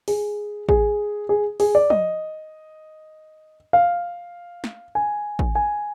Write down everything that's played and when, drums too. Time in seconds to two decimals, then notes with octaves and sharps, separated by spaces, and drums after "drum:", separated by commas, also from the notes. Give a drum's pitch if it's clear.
0.08 G#4, drum: open hi-hat
0.69 G#4, drum: kick A1
1.29 G#4
1.60 G#4, drum: open hi-hat
1.75 D5
1.90 D#5, drum: tom
3.73 F5
4.64 drum: snare
4.95 G#5
5.39 drum: kick A1
5.55 G#5